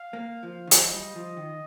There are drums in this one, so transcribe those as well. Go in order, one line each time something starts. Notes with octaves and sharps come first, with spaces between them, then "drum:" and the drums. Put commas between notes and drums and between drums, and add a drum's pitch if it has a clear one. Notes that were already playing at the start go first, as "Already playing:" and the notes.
Already playing: F5
A#3
F3
D#3
F3 D#5, drum: hi-hat
G3
F3
D#3